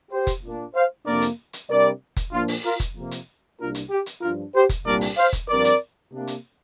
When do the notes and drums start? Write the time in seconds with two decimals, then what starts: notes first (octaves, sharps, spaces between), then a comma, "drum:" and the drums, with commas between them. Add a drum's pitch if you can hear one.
0.10 G4 C5
0.27 drum: kick F1, hi-hat
0.43 A#2 A#3 D4
0.74 C5 F5
1.05 F2 C3 A#3 D4 A#4 D5
1.22 drum: hi-hat
1.53 drum: hi-hat
1.69 C3 G3 D4 A#4 D5
2.17 drum: kick F1, hi-hat
2.32 A#2 F3 A#3 D4 F4
2.48 drum: open hi-hat
2.64 F4 A#4
2.80 drum: kick F1, hi-hat
2.95 F2 C3 A#3
3.11 drum: hi-hat
3.58 C2 C3 A#3 D4 F4 A#4
3.75 drum: hi-hat
3.90 G4
4.06 drum: hi-hat
4.21 G2 F3 D4 F4 A#4
4.54 G4 C5
4.69 drum: kick F1, hi-hat
4.85 C2 A#2 G3 A#3 D4 A#4 D5
5.01 drum: open hi-hat
5.17 C5 F5
5.33 drum: kick F1, hi-hat
5.48 G2 F3 C4 A#4 D5
5.64 drum: hi-hat
6.12 C3 A#3 D4
6.27 drum: hi-hat